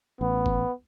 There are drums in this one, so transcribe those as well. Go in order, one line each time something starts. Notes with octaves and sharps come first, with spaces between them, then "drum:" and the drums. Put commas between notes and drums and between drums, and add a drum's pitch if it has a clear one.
A1 B3
drum: kick F#1